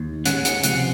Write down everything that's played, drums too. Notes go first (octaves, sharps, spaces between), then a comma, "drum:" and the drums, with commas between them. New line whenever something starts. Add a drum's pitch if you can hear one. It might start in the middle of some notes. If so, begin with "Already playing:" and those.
Already playing: D#2
D#2 C#3 G#3 C#4 F#5, drum: hi-hat
F#5, drum: hi-hat
C#2 C3 F3 C4 F#5, drum: hi-hat